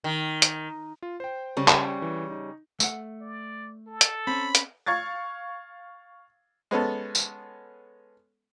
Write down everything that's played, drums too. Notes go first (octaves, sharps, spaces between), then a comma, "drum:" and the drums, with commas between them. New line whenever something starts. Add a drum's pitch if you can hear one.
D#3
drum: hi-hat
F4
C5 G5
C#3 G3 C#4
drum: clap
E3
D#4
A3 F#5, drum: tambourine
D5
A4
drum: hi-hat
C4 C#4 B5
drum: hi-hat
F5 C#6 G#6 A6
G#3 B3 C#4 A4
drum: tambourine